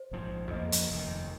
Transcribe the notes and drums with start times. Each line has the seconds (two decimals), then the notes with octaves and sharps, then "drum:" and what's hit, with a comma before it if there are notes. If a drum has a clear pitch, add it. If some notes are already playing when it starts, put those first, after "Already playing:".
Already playing: C5
0.11 A#1 G#2 F3
0.51 F2 F3 A#3 D#5
0.72 drum: hi-hat
0.90 F1 D#2 D#3